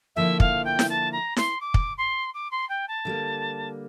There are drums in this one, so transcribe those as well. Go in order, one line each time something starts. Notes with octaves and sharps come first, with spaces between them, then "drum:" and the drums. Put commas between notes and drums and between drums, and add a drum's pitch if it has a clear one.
D3 F3 A#3 E4 E5
F5, drum: kick
G5
drum: snare E4
A5
A#5
C6, drum: snare E4
D6
drum: kick
C6
D6
C6
G5
A5
D3 G3 A#3